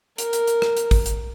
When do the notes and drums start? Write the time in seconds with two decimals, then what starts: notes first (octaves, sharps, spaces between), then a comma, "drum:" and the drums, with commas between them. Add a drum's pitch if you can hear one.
0.18 A#4, drum: hi-hat
0.33 drum: hi-hat
0.47 drum: hi-hat
0.62 drum: rim click
0.77 drum: hi-hat
0.91 drum: kick, open hi-hat
1.06 drum: hi-hat